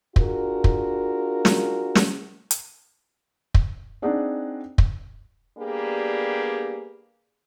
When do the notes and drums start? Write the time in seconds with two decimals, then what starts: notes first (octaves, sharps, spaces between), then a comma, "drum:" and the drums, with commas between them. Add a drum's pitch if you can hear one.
0.16 D4 F4 F#4 G#4 A#4, drum: kick
0.64 drum: kick
1.45 drum: snare
1.95 drum: snare
2.51 drum: hi-hat
3.54 drum: kick
4.02 C4 D4 D#4 G#4 D5 F#5
4.78 drum: kick
5.58 G3 A#3 B3 D4 G4 G#4